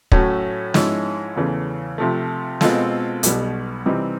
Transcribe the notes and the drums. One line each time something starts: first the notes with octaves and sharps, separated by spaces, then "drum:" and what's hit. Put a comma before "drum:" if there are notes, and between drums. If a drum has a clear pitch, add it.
A2 F#3 A3 C#4 F#4, drum: kick
G#2 F3 G#3 C#4 E4, drum: snare
E2 C#3 E3 A3 C#4
C3 F3 A3
B2 G#3 C4 F4 A4, drum: snare
B1 B2 G3, drum: hi-hat
C3 E3 G3 C4 D#4